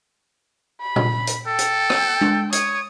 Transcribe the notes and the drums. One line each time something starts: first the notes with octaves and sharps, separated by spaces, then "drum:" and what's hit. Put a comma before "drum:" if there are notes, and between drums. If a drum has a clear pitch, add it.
B5
drum: tom A#2
drum: hi-hat
A4 G5
drum: hi-hat
drum: rim click
drum: tom G#3
C#5 D#6, drum: hi-hat